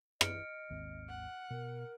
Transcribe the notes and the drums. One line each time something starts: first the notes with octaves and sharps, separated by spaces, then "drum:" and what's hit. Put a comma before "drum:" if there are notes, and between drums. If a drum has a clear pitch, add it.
D#5 F6 C#7 D7, drum: rim click
G#1 D#2 C4
F#5
B2 A#4